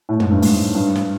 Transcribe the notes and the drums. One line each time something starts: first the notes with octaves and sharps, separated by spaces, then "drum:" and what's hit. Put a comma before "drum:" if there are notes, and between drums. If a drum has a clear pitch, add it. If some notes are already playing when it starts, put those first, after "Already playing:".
A2
G#2, drum: tom
G2
G#2, drum: open hi-hat
G2
drum: snare